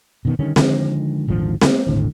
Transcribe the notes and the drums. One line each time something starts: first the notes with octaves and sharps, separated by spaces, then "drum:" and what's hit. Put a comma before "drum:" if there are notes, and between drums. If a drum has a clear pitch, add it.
B2 D#3 B3
D3 D#3 G3 C#4
D3 D#3 F3 G#3, drum: snare C4
D#1 G#1 D3 F3
G#3 A#3 B3, drum: snare C4
D#1 G#1 A2 D3